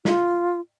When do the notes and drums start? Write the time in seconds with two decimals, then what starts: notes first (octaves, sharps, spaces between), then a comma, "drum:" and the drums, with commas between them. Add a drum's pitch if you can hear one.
0.05 F4, drum: snare